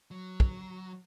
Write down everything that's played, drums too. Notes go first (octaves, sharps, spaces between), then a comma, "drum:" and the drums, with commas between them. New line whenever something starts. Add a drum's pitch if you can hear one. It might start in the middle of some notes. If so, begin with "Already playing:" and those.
F#3
drum: kick